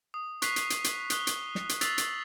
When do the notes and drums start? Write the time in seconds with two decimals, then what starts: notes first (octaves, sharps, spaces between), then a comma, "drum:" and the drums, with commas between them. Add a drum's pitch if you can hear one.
0.14 D#6
0.42 C#6 F#6 B6 C7 F7, drum: hi-hat
0.56 drum: hi-hat
0.70 drum: hi-hat
0.84 drum: hi-hat
1.10 D#6 F#6 G7, drum: hi-hat
1.27 drum: hi-hat
1.55 drum: snare
1.69 drum: hi-hat
1.81 E6 A6 B6 C7 F7 F#7, drum: hi-hat
1.98 drum: hi-hat